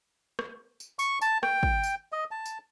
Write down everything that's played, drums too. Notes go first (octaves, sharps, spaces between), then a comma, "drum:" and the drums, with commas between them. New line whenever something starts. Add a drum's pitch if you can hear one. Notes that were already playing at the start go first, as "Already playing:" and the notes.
drum: rim click
drum: tambourine
C#6, drum: tambourine
A5, drum: tambourine
G5, drum: rim click
drum: kick
drum: tambourine
D#5
A5
drum: tambourine